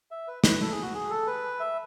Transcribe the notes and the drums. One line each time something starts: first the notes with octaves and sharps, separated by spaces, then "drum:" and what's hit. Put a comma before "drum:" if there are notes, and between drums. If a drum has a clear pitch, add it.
E5
B4
B4, drum: snare
A4
G#4
F#4
G#4
A4
B4
E5